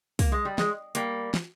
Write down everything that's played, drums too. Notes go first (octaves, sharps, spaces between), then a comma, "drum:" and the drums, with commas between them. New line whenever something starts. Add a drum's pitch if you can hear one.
A#3, drum: kick, open hi-hat
G#3
G3
G#3, drum: snare
G3 A#3, drum: hi-hat
drum: snare